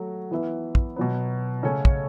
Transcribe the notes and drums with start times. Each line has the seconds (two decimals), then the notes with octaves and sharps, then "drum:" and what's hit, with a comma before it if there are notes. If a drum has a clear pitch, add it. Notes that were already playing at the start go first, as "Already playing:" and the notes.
Already playing: F#3 A3 F#4
0.31 E3 B3 E4 B4 E5
0.75 drum: kick
0.96 B2 F#3 B3
1.63 C#3 A3 C#4 A4 C#5
1.85 drum: kick